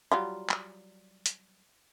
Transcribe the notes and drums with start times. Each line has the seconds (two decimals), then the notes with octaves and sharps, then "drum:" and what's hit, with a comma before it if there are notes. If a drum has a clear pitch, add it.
0.12 F#3 G3 F4
0.50 drum: clap
1.26 drum: hi-hat